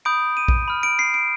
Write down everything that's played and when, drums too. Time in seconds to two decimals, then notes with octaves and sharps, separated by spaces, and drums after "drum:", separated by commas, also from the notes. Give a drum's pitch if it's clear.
0.05 B5 D#6 G6 D7
0.37 D#7
0.48 drum: kick A#1
0.68 B5 F6
0.83 D7
0.99 C7
1.14 D7